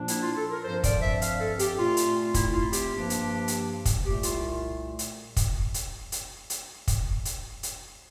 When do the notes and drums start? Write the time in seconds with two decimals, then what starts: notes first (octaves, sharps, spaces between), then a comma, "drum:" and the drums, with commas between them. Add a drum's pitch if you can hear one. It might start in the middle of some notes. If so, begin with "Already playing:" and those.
Already playing: A#2 F3 A#3 D4
0.08 E4, drum: hi-hat
0.22 F4
0.37 A4
0.50 A#4
0.64 G2 F3 C4 C5
0.84 D5, drum: kick, hi-hat
1.02 E5
1.22 F5, drum: hi-hat
1.39 A4
1.59 G4, drum: hi-hat
1.78 A#2 A3 C4 F4
1.97 drum: hi-hat
2.34 E4, drum: kick, hi-hat
2.53 F4
2.73 G4, drum: hi-hat
2.91 G2 F3 A#3 D4
3.10 drum: hi-hat
3.48 drum: hi-hat
3.85 drum: kick, hi-hat
4.04 C2 A#2 A3 G4
4.23 F4, drum: hi-hat
4.99 drum: hi-hat
5.37 drum: kick, hi-hat
5.74 drum: hi-hat
6.12 drum: hi-hat
6.50 drum: hi-hat
6.88 drum: kick, hi-hat
7.25 drum: hi-hat
7.63 drum: hi-hat